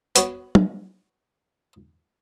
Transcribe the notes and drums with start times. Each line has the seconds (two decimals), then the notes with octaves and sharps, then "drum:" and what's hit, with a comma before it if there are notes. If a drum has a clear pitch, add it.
0.16 B3 F#4 C#5, drum: hi-hat
0.55 drum: tom